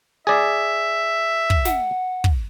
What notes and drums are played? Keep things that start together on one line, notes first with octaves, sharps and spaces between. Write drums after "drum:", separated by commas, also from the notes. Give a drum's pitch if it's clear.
G#4 D5 E5
drum: kick
F#5, drum: snare
drum: kick